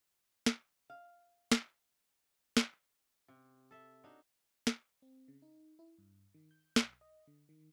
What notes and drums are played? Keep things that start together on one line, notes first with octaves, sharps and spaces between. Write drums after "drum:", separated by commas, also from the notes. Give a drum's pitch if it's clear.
drum: snare
F5
drum: snare
drum: snare
C3
A4 E5
D4 D#4 F#4 C#5
drum: snare
C4
C#3
D#4
E4
G2
D#3
G6
B1, drum: snare
D#5
D3
D#3